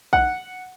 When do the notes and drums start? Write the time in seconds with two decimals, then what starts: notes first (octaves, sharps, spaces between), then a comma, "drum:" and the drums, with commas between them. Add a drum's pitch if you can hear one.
0.13 F#5, drum: kick B1